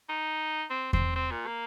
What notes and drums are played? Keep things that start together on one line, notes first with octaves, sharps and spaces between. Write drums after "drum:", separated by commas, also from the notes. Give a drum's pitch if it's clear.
D#4
C4
C4, drum: kick E2
C4
A#2
A#3